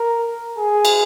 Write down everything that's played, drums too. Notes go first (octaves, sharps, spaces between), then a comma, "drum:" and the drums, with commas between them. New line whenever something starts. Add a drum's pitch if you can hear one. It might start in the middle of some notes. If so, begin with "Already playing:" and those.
Already playing: A#4
G#4
drum: cymbal